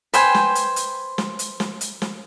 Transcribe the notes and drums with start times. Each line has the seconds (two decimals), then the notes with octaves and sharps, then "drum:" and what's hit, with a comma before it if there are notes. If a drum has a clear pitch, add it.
0.14 B4 C5 G5 G#5, drum: hi-hat
0.34 drum: snare
0.55 drum: hi-hat
0.76 drum: hi-hat
1.18 drum: snare
1.39 drum: hi-hat
1.60 drum: snare
1.81 drum: hi-hat
2.02 drum: snare